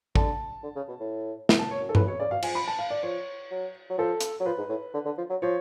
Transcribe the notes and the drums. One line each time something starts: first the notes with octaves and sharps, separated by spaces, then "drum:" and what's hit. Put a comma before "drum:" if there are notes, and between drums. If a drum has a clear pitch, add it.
D3 A5, drum: kick A1
D3
C#3
B2
A2
drum: snare
A5
C#5
F#2
G#2 A4
B4, drum: tom G2
A2
B2 C#5
C#3 D5
B2 F5
F3 G#5, drum: cymbal
B5
A5
F5
D5
F3 C#5
F#3
F#3
F3 A4
drum: hi-hat
F#3
F3 B4
G#2
A2
D3
D3
F3
F#3
F3 C#5